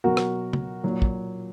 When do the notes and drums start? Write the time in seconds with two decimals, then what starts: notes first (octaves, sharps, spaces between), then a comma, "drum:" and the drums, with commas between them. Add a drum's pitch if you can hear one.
0.04 B2 F#3 F#4 A#4
0.17 drum: rim click
0.53 drum: tom
0.83 A#2 F#3
1.02 drum: kick